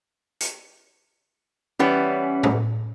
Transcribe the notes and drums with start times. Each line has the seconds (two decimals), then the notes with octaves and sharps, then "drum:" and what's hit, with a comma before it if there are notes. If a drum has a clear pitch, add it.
0.40 drum: hi-hat
1.79 E3 G3 B3 C#4
2.43 drum: tom A2